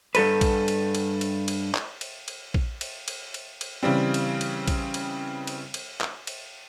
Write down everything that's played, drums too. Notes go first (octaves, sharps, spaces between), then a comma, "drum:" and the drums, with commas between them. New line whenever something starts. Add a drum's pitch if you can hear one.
G2 A4 B4, drum: cymbal
drum: kick, cymbal
drum: cymbal
drum: cymbal
drum: cymbal
drum: cymbal
drum: clap
drum: cymbal
drum: cymbal
drum: kick
drum: cymbal
drum: cymbal
drum: cymbal
drum: cymbal
C#3 E3 G3 C4
drum: cymbal
drum: cymbal
drum: kick, cymbal
drum: cymbal
drum: cymbal
drum: cymbal
drum: clap
drum: cymbal